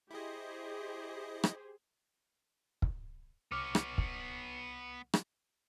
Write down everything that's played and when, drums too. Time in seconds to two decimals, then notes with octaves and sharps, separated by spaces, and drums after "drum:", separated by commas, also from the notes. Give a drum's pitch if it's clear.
0.11 E4 G4 G#4 C5 D#5
1.44 drum: rim click
2.82 drum: kick
3.52 C2 B3 C#5 D6 F6
3.75 drum: rim click
3.98 drum: kick
5.14 drum: rim click